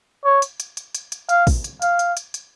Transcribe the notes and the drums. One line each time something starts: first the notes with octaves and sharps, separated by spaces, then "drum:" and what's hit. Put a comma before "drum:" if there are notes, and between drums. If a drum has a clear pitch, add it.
C#5
drum: hi-hat
drum: hi-hat
drum: hi-hat
drum: hi-hat
drum: hi-hat
F5, drum: hi-hat
drum: kick, open hi-hat
drum: hi-hat
F5, drum: hi-hat
drum: hi-hat
drum: hi-hat
drum: hi-hat